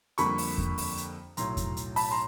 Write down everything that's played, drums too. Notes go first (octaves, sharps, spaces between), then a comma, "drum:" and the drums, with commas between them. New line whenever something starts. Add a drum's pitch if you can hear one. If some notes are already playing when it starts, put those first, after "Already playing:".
F2 D3 G3 A#3 B5 C#6, drum: hi-hat
drum: open hi-hat
drum: kick E2
drum: open hi-hat
drum: hi-hat
B1 A2 F#3 A#5 C6, drum: hi-hat
drum: kick E2, hi-hat
drum: hi-hat
A5 B5, drum: open hi-hat
A#5 C6